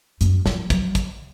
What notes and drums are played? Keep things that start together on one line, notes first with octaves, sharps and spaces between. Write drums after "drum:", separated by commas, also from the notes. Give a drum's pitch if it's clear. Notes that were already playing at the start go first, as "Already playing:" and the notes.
F#2, drum: hi-hat
F3, drum: snare
F#3, drum: kick, hi-hat
drum: kick, hi-hat